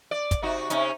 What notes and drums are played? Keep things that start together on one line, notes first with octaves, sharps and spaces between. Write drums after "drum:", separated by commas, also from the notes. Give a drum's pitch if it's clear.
D5
drum: kick, hi-hat
C3 D#4 F#4
C3 C#4 D#4, drum: hi-hat